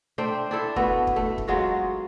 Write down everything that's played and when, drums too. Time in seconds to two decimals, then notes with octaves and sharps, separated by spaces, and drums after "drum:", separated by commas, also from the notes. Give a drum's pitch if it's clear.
0.18 A3 D4 C5 G5
0.51 D4 E4 A4
0.76 A3 B3 F#4, drum: kick
1.07 drum: kick
1.16 A3
1.38 drum: kick
1.48 F#3 G#3 F4 F#4